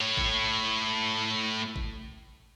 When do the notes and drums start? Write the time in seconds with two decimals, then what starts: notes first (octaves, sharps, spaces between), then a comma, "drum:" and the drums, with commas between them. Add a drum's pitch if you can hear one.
0.01 A2 C#5
0.17 drum: kick G#1
1.76 drum: kick G#1